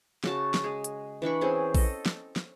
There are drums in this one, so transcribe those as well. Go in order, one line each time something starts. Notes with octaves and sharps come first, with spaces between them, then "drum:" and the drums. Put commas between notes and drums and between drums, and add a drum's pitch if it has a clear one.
C#3 F#4 A5, drum: snare
drum: snare
G#3 G#4
drum: hi-hat
E3 D4 B5 C#6
C4 C#4 G#4 C5
A4 D#5, drum: kick A#1, open hi-hat
drum: snare
drum: snare